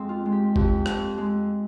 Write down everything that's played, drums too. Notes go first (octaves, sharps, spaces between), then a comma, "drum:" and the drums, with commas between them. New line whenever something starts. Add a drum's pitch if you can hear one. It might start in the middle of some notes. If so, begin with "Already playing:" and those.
Already playing: F2 G#3 C4 G#4
F4
G#3
G4
F2 G4, drum: kick G1
F2, drum: rim click
G#3